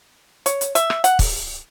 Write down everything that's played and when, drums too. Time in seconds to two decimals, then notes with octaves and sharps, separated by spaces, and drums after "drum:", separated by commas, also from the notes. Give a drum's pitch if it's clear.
0.46 C#5, drum: hi-hat
0.61 drum: hi-hat
0.75 E5, drum: hi-hat
0.90 drum: rim click
1.04 F#5, drum: hi-hat
1.19 drum: kick, open hi-hat